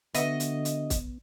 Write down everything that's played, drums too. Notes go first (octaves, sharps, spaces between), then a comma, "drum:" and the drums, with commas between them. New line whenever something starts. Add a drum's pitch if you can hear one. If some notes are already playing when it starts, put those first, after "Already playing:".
D3 B3 F#4 D#5 E5, drum: hi-hat
drum: hi-hat
drum: hi-hat
drum: kick, hi-hat